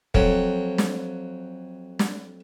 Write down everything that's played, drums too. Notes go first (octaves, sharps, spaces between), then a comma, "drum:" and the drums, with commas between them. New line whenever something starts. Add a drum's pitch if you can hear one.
F2 F#3, drum: kick
drum: snare
drum: snare